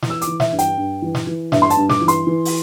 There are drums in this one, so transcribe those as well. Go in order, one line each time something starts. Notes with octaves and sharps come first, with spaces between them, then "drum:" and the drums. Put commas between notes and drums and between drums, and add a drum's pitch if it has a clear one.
E3, drum: snare
E6
D6, drum: hi-hat
E3
E5, drum: snare
G2
G5, drum: hi-hat
G2
E3
drum: snare
E3
G2 E5, drum: snare
C6
A5, drum: hi-hat
G2
D6, drum: snare
E3
C6, drum: hi-hat
E3
drum: open hi-hat